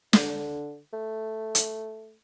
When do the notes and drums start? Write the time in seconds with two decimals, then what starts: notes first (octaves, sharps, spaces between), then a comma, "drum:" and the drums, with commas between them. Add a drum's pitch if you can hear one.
0.13 D3, drum: snare
0.93 A3
1.55 drum: hi-hat